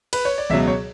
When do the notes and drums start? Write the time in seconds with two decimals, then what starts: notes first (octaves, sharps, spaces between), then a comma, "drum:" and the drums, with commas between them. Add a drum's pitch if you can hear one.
0.13 B4, drum: cymbal
0.25 C#5
0.38 D5
0.50 C#2 B2 F#3 E5, drum: tom D#3
0.67 C#5